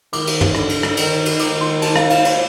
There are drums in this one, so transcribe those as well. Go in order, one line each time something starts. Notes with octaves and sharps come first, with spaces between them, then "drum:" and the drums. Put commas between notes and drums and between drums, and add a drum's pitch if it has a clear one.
D#3 D6, drum: cymbal
drum: cymbal
drum: tom
D3, drum: rim click
drum: cymbal
drum: rim click
D#3, drum: cymbal
drum: cymbal
D#3 D6, drum: cymbal
C6
A5, drum: cymbal
F5, drum: rim click
F5, drum: cymbal
C5, drum: cymbal